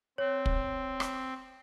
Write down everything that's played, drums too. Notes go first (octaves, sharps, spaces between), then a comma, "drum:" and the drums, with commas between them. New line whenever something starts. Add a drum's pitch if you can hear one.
C4 C#5
drum: kick
drum: rim click